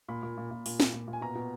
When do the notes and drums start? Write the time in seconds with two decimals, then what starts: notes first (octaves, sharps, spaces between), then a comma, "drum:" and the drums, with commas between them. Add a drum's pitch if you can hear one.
0.08 A#2 B5
0.23 A#2
0.38 A#2
0.51 A#2
0.66 A#2, drum: open hi-hat
0.80 A#2, drum: snare
0.93 A#2
1.08 A#2
1.13 G#5
1.21 B2 A#5
1.35 B2